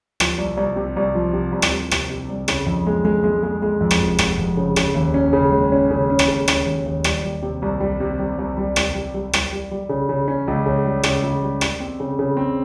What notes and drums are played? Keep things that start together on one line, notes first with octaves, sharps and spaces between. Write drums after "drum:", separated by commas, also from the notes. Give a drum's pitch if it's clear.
F3, drum: rim click
C2
C2
C3
C2
F3
C3
C2
drum: rim click
C2
C3, drum: rim click
C3
C2
C#3, drum: rim click
F2
G#3
G#3
G#3
G#3
G#3
F2
drum: rim click
F1
F1, drum: rim click
F2
C#3
C#3, drum: rim click
D#2
C#4
C#3
G#3
C#4
C#3
C#4
drum: rim click
C#3
C#4, drum: rim click
D#2
D#2
G3, drum: rim click
G3
C3
C2
G3
C3
G3
C2
G3
C2, drum: rim click
G3
G3
G3, drum: rim click
G3
G3
C#3
C#3
C#4
C#2
C#3
G3
C#3, drum: rim click
C#2
G3
G3, drum: rim click
C4
C#3
C#3
C4